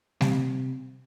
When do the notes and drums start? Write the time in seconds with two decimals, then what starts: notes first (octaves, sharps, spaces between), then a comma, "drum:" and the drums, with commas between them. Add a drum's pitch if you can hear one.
0.21 C3, drum: snare G3